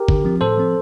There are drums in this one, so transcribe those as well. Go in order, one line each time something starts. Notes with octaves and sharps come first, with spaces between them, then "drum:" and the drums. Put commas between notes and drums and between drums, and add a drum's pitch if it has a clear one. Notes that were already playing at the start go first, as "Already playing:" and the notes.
Already playing: G4 A#4
D3, drum: kick
F3 C4
A2 A4 C5
F3 C4